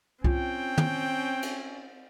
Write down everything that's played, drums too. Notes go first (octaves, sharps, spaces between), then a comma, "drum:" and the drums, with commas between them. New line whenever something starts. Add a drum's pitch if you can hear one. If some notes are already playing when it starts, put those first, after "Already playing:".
C4 C#4 F4 G5, drum: kick C2
drum: tom
drum: cymbal